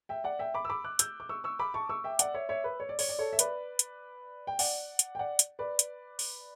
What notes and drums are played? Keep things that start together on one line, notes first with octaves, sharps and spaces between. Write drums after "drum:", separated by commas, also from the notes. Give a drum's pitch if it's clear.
E5 G5
D5 F#5
E5 G5
B5 D6
E6
B5 D6
D6 F#6
E6 G6, drum: hi-hat
D6
C#6 E6
C#6 E6
B5 D6
A5 C#6
C#6 E6
E5 G5
D5 F#5, drum: hi-hat
C#5 E5
C#5 E5
B4
C#5
D5
C#5, drum: open hi-hat
D5
A4 C#5
E5
B4 D5, drum: hi-hat
drum: hi-hat
G5
D5 F#5, drum: open hi-hat
drum: hi-hat
G5
D5 F#5
drum: hi-hat
B4 D5
drum: hi-hat
drum: open hi-hat